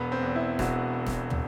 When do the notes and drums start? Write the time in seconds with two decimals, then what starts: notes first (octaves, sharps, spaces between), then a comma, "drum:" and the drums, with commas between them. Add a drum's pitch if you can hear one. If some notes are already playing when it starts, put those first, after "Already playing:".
Already playing: E1 B3
0.12 C4
0.23 E2
0.36 E4
0.59 E1 F#4, drum: snare
1.06 drum: snare
1.30 drum: tom